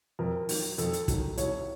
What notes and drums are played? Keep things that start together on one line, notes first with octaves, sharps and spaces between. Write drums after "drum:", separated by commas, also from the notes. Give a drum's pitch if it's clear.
F2 A#4
D#3 F#3, drum: open hi-hat
F2 A4, drum: hi-hat
drum: hi-hat
D#3 F#3, drum: kick, hi-hat
C2 C#5, drum: hi-hat